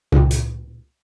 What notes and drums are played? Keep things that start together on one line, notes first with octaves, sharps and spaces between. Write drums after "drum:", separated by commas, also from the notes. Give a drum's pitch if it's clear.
C#2, drum: tom A#2
drum: hi-hat